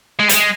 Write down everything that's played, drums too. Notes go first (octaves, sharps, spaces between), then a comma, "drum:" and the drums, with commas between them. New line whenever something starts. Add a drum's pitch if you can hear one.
G#3
G3, drum: hi-hat
G#3